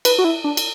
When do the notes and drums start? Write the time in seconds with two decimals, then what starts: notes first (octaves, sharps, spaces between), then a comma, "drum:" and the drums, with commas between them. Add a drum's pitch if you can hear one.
0.05 B4, drum: cymbal
0.19 F#4
0.24 E4
0.44 D4
0.57 drum: cymbal